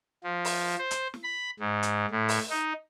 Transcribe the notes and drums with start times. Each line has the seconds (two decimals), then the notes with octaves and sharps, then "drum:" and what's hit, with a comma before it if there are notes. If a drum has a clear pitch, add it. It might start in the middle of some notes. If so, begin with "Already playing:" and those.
0.24 F3
0.45 drum: open hi-hat
0.79 C5
0.91 drum: hi-hat
1.14 drum: snare
1.23 B5
1.60 G#2
1.83 drum: hi-hat
2.11 A2
2.29 drum: open hi-hat
2.50 D#4